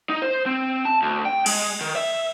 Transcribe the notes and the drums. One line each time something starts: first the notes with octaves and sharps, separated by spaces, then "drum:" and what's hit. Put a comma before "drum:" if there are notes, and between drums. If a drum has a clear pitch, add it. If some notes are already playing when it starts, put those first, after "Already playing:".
D#4
C5
C4
A5
D2
G5
G#3, drum: cymbal
D#3
E5